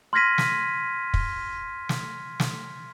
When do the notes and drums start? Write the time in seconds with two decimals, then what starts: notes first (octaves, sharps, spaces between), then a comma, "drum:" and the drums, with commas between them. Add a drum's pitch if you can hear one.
0.13 C6 F6 G#6 A#6 B6 D#7
0.38 drum: snare
1.14 drum: kick
1.89 drum: snare
2.40 drum: snare